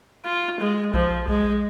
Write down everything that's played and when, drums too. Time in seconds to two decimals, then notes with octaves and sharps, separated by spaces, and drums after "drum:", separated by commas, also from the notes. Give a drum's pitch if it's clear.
0.25 F4
0.60 G#3
0.94 F3, drum: kick A#1
1.28 G#3, drum: kick A#1